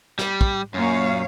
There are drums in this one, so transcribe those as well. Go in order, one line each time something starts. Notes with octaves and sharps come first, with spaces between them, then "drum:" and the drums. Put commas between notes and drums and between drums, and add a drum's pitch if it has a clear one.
G3, drum: snare
drum: kick
F#2 A#2 C#5 F5